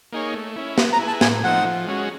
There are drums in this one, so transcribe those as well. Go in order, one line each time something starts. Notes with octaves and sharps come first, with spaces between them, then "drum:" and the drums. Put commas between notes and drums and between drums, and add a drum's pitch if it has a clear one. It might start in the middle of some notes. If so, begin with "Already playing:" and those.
A#3 D#4 G#4 C#5
A3
C#4 E4
B3, drum: snare
A#5
E4 G#4 B4
A5
A2 G#5, drum: snare
F3 A3 C4 D#4 F#5
F3
G#3 C#4 F#4